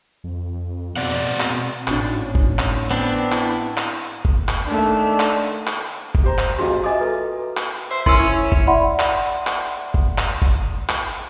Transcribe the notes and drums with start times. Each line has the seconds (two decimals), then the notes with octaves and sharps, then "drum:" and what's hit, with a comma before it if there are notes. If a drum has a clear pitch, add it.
0.24 F2
0.96 B2 C4 D5 F#5
1.40 drum: clap
1.88 G#1 A2 C#4 D4, drum: clap
2.35 drum: kick G1
2.59 drum: clap
2.91 B3 C4 D4 C7
3.32 E4, drum: clap
3.77 drum: clap
4.25 drum: kick G1
4.49 drum: clap
4.67 D#3 A3 D4
5.20 drum: clap
5.67 drum: clap
6.15 drum: kick G1
6.24 G4 C5 A#5
6.38 drum: clap
6.58 A1 F4 F#4 G#4 F5
6.84 D#5 E5 G#5 D6 D#6
7.01 A4 B4 A#5
7.57 drum: clap
7.91 C5 E5
8.06 C#4 E4 A#4 C6 E6, drum: kick G1
8.19 E4 C#5
8.52 drum: kick G1
8.67 D5 E5 F#5 B5 C6
8.99 drum: clap
9.47 drum: clap
9.94 drum: kick G1
10.18 drum: clap
10.42 drum: kick G1
10.89 drum: clap